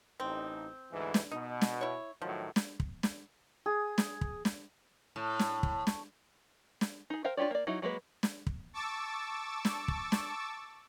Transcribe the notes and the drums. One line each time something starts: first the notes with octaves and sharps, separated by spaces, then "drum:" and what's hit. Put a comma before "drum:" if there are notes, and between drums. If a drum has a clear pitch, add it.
A1 C4 D#4
D2 G#2 E3
drum: snare
B2 D#4
drum: snare
E4 C#5
A2 D#3 F3 F#3
drum: snare
drum: kick
drum: snare
G#4
drum: snare
drum: kick
drum: snare
A2
drum: snare
drum: kick
drum: snare
drum: snare
D#4 G#4
A#4 C5 F5 G5
D4 F4 G4 C#5 D5
A#3 D5
F#3 D#4 E4
F#3 G#3 A#3 B4
drum: snare
drum: kick
A5 C#6 D6 E6 A6
drum: snare
drum: kick
drum: snare